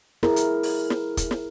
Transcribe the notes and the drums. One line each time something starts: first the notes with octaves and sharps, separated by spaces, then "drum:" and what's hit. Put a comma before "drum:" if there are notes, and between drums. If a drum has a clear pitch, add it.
E4 G#4 A#4, drum: snare
drum: hi-hat
drum: open hi-hat
drum: snare
drum: kick, hi-hat
drum: snare